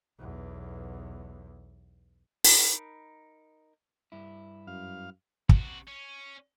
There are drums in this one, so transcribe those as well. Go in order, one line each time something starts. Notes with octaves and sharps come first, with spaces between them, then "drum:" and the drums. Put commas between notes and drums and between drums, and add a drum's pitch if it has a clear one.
B1 E2
D#4 A#4 A5 B5, drum: open hi-hat
G2 E4
F#2 F5
C3 F#4, drum: kick
C#4